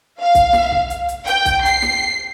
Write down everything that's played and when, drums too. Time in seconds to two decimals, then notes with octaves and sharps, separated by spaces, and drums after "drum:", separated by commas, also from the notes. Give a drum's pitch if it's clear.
0.21 F5
0.35 drum: kick, hi-hat
0.53 drum: snare
0.72 drum: kick
0.90 drum: hi-hat
1.08 drum: hi-hat
1.27 G5, drum: hi-hat
1.45 drum: kick, hi-hat
1.65 C7, drum: hi-hat
1.82 drum: snare